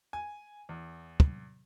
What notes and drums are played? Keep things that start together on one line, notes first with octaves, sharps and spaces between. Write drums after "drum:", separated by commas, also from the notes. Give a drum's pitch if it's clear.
G#5
E2
drum: kick